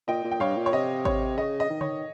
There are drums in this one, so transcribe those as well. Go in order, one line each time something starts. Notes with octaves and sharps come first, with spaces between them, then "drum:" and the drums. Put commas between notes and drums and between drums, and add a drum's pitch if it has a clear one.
A#2 D#5 G5
A#2
G5
G2 C#5 F5
A#2
C#5
C3 D#5
C#5, drum: kick G#1
C#3 D#5
D#5
D#3
C#5, drum: tom C#3